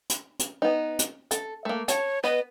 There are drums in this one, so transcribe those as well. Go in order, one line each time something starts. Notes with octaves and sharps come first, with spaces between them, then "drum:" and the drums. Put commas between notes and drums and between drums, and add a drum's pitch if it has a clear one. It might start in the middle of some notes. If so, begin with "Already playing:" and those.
drum: hi-hat
drum: hi-hat
B3 D#4
drum: hi-hat
A4, drum: hi-hat
A3 A#3
C#5 A5, drum: hi-hat
B3 B4 D#5